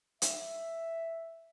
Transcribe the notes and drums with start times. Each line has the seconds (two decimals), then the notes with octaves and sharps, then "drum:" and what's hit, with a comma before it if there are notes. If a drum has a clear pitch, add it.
0.22 E5, drum: hi-hat